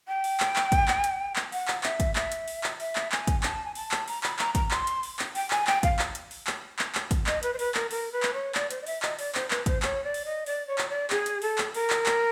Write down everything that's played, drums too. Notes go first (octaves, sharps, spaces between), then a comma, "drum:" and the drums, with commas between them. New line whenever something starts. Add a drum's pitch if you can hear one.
G5
drum: open hi-hat
drum: clap
drum: clap
drum: kick, hi-hat
drum: clap
drum: hi-hat
drum: clap
F#5, drum: open hi-hat
drum: clap
E5, drum: clap
drum: kick, hi-hat
E5, drum: clap
drum: hi-hat
drum: open hi-hat
drum: clap
E5, drum: open hi-hat
drum: clap
G#5, drum: clap
drum: kick, hi-hat
A5, drum: clap
G#5
A5, drum: open hi-hat
drum: clap
A#5, drum: open hi-hat
B5, drum: clap
A#5, drum: clap
A#5, drum: kick, hi-hat
C6, drum: clap
drum: hi-hat
drum: open hi-hat
drum: clap
G5, drum: open hi-hat
G#5, drum: clap
G5, drum: clap
F5, drum: kick, hi-hat
drum: clap
drum: hi-hat
drum: open hi-hat
drum: clap
drum: clap
drum: clap
drum: kick, hi-hat
D#5, drum: clap
B4, drum: hi-hat
C5
B4, drum: open hi-hat
A#4, drum: clap
A#4, drum: open hi-hat
B4
drum: clap
C#5
D5, drum: clap
C5, drum: hi-hat
D#5
E5, drum: open hi-hat
D#5, drum: clap
D5, drum: open hi-hat
C5, drum: clap
B4, drum: clap
C5, drum: kick, hi-hat
C#5, drum: clap
D5
drum: open hi-hat
D#5
D5, drum: open hi-hat
C#5
drum: clap
D5
G#4, drum: clap
drum: hi-hat
A4, drum: open hi-hat
drum: clap
A#4, drum: open hi-hat
drum: clap
drum: clap